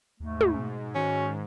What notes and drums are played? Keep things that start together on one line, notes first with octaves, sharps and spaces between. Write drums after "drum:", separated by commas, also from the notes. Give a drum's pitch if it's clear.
D#2 G#2 A3
drum: tom
B2
D#3 C#4 F#4